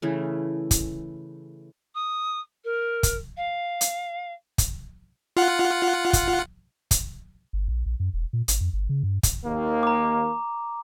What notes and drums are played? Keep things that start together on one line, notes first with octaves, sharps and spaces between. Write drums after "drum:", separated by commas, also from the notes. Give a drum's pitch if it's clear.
C#3 E3 A3
drum: kick, hi-hat
D#6
A#4
drum: kick, hi-hat
F5
drum: hi-hat
drum: kick, hi-hat
F4 F#5
drum: kick, hi-hat
drum: kick, hi-hat
G1
A#1
A#1
F#2
E1
A#2
G#1, drum: hi-hat
F2
G1
C#3
G2
drum: kick, hi-hat
D#2 A#3
A#5 D6